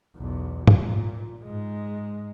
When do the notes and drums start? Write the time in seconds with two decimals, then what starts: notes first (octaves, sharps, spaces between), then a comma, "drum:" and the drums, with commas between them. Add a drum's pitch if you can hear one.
0.16 B1 E2
0.67 A#2, drum: tom G#2
1.43 G#2 G#3